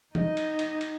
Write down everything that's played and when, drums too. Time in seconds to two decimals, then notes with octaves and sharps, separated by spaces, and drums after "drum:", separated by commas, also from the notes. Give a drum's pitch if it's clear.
0.15 D#4 D#5, drum: tom
0.37 drum: cymbal
0.59 drum: cymbal
0.81 drum: cymbal